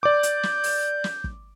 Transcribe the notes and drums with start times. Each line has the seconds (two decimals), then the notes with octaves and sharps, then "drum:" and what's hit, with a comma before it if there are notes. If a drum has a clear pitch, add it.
0.03 D5 D6 G6
0.23 drum: hi-hat
0.43 drum: snare
0.64 drum: open hi-hat
1.04 drum: snare
1.24 drum: kick